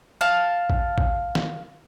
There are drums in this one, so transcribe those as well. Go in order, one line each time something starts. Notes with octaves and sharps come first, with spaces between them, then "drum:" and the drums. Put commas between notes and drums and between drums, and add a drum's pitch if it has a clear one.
F5 A5
drum: kick A1
drum: kick A1
drum: snare